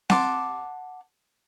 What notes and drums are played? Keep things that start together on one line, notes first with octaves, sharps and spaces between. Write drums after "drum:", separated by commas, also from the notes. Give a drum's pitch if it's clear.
F#5 A5 C6 D6, drum: snare C4